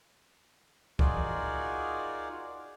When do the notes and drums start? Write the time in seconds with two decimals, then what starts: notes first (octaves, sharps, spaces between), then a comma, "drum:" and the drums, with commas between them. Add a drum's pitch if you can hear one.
0.99 D#4 F4 F#4 G#4 A#4 D5, drum: kick C#2